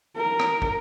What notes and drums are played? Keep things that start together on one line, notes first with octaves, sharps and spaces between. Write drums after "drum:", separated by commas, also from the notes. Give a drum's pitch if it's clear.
A#4
drum: rim click
drum: kick